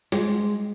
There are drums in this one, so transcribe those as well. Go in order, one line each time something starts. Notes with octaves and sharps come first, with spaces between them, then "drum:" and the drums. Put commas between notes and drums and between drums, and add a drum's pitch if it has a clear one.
G#3, drum: snare